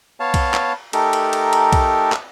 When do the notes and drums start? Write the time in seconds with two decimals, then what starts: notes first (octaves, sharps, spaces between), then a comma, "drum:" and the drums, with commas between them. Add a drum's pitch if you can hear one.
0.20 B3 C#5 F5 A5
0.34 drum: kick B1, cymbal
0.54 drum: clap
0.93 A3 D#4 G4 A4 A#4, drum: cymbal
1.13 drum: cymbal
1.33 drum: cymbal
1.53 drum: cymbal
1.73 drum: kick B1, cymbal
2.12 drum: clap